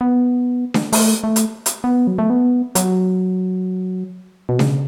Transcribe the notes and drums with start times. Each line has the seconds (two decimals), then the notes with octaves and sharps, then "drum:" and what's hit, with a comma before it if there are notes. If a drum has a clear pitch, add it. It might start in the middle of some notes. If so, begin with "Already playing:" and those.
0.01 B3
0.74 drum: snare D4
0.93 A3, drum: open hi-hat
1.24 A3
1.36 drum: hi-hat
1.66 drum: hi-hat
1.84 B3
2.07 F#3
2.19 A3
2.30 B3
2.75 F#3, drum: hi-hat
4.49 B2
4.59 C#3, drum: snare D4